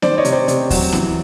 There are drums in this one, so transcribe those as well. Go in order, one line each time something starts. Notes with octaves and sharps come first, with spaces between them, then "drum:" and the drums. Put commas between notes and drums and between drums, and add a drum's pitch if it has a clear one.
D#3 C5 D5, drum: snare B3
C#5 D#5
C3, drum: hi-hat
C5 D5
C3, drum: hi-hat
F#3, drum: kick D#2, open hi-hat
E3, drum: snare B3